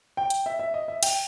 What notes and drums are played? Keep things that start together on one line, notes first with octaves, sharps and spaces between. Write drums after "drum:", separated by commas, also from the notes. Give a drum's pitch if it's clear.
G5
drum: hi-hat
E5
E5
D#5
E5
G5, drum: cymbal